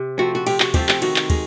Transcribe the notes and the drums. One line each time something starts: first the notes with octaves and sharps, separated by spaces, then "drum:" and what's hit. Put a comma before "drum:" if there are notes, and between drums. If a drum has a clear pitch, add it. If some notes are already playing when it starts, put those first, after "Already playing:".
Already playing: C3
F3 A3 C4 F#4
F#4
C3 G4, drum: cymbal
F#4, drum: clap
F3 A3 C4 G4, drum: kick, cymbal
G4, drum: clap
D#3 F#4, drum: cymbal
drum: clap
G#3, drum: kick, cymbal